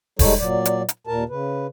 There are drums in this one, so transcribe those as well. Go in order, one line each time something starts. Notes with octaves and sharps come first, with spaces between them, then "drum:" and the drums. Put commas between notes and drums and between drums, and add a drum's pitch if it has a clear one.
G3 G#3 D#4 A4 C#5, drum: kick E1, open hi-hat
A#2 F#3 D5
drum: hi-hat
drum: hi-hat
D#2 A#2 A#4 A5
C#3 B4